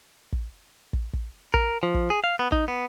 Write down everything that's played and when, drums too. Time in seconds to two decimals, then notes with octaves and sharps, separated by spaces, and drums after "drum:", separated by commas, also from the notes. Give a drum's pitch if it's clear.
0.33 drum: kick
0.93 drum: kick
1.13 drum: kick
1.54 A#4, drum: kick
1.83 F3
1.94 drum: kick
2.10 G#4
2.24 F5
2.39 B3
2.52 D#4, drum: kick
2.68 B3